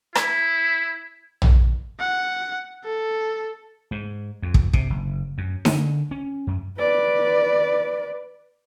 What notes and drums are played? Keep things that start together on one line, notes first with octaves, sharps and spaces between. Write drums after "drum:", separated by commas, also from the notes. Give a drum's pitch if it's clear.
E4, drum: rim click
drum: tom A#1
F#5
A4
G#2
F2
drum: kick
C3, drum: kick
F#1
F#2
D3, drum: snare D#4
C#4
F#2
B4 D5